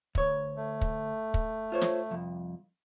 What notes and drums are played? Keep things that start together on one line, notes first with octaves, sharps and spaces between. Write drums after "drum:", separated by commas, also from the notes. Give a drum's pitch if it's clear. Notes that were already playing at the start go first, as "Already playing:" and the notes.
D2 C#5, drum: kick
A3
drum: kick
drum: kick
F4 C5 C#5
drum: snare
C2 F2